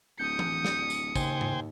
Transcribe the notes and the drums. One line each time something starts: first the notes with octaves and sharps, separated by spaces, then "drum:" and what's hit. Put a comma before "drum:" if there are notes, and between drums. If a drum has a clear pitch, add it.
D1 D#6 G6 C#7
drum: tom E3
drum: snare
drum: tambourine
D#2 C#3 C5 G5 G#5, drum: kick, tambourine
drum: tom G#2